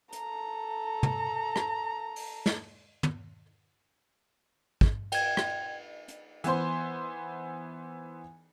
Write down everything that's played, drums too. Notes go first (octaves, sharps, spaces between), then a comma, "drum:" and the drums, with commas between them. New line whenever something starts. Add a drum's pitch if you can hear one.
A4 A#5, drum: hi-hat
drum: tom
drum: rim click
drum: open hi-hat
drum: snare
drum: tom
drum: kick
G5 G#6, drum: cymbal
drum: rim click
drum: hi-hat
E3 B3 C5 C6, drum: hi-hat